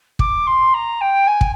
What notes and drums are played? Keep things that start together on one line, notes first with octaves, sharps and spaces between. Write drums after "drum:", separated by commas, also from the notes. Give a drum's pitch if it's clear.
D6, drum: kick
C6
A#5
G5
G#5
drum: kick